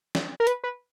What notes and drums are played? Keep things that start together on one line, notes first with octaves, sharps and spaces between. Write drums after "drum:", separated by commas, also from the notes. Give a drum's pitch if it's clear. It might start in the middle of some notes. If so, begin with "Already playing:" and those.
drum: snare
A#4
B4, drum: hi-hat
B4